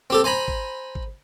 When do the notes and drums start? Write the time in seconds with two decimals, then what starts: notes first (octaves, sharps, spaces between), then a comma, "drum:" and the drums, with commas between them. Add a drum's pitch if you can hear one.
0.10 C4 G4 A4
0.24 C5 G#5 A#5 B5
0.48 drum: kick G#1
0.95 drum: kick G#1